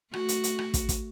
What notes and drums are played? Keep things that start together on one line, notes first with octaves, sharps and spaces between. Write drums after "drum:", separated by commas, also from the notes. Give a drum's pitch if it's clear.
A3 F#4, drum: rim click
drum: hi-hat
drum: hi-hat
drum: rim click
drum: kick, hi-hat
drum: kick, hi-hat